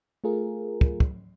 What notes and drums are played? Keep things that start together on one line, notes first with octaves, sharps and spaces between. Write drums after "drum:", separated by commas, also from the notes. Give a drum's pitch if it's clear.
A3 F4 G#4 A#4
drum: kick
drum: kick